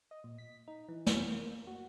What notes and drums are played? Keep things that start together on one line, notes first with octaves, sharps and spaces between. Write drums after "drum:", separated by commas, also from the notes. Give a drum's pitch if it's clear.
D#5
A#2
B6
D#4
E3
drum: snare
A#3
F#4